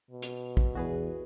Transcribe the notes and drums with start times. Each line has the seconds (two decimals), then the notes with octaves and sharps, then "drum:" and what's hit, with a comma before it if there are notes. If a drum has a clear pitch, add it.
0.11 B2
0.22 drum: hi-hat
0.57 drum: kick
0.75 E2 F#4 G#4 B4